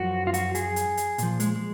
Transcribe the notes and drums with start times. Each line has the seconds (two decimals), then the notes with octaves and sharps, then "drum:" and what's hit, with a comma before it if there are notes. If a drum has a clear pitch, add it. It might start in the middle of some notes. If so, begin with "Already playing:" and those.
Already playing: F#2 F3 F#4
0.27 F4
0.34 F#4, drum: hi-hat
0.55 G#4, drum: hi-hat
0.76 drum: hi-hat
0.97 drum: hi-hat
1.18 A#2 F3, drum: hi-hat
1.40 G#3, drum: hi-hat
1.56 G#3